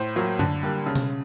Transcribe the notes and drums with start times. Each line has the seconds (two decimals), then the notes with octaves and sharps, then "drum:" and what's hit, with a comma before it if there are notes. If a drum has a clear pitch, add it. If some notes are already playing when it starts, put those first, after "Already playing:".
Already playing: A2 C5
0.16 F#3 A#3
0.39 D3, drum: tom F#2
0.63 G3 A#3
0.86 C#3
0.96 drum: tom B2